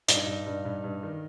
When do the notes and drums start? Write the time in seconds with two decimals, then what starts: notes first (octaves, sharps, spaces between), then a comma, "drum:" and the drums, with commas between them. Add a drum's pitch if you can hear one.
0.08 G2 D#4, drum: hi-hat
0.27 G2
0.46 G2
0.65 G2
0.84 G2
1.03 D#3